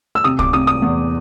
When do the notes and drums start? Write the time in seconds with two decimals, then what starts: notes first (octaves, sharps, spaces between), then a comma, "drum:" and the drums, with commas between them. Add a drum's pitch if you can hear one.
0.15 E6
0.24 C3 D#6
0.39 D6, drum: kick
0.53 C3 D#6
0.67 D#6
0.82 E2